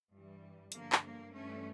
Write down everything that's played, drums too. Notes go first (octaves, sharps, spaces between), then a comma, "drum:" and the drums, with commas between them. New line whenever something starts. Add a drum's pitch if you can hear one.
G2 E3 G3
G2 D3 F3 A#3, drum: hi-hat
drum: clap
A#3
G2 E3 G3 A3 C#4